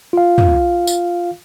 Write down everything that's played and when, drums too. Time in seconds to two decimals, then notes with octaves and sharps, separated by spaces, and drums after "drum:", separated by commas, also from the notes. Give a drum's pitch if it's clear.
0.13 F4 F5
0.38 drum: tom
0.87 drum: tambourine